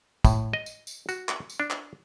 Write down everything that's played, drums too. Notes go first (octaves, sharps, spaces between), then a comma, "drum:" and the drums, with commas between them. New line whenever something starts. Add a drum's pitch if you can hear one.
A2, drum: kick, tambourine
D#5
drum: tambourine
drum: tambourine
F#4, drum: tambourine
drum: clap
drum: tambourine
D4
drum: clap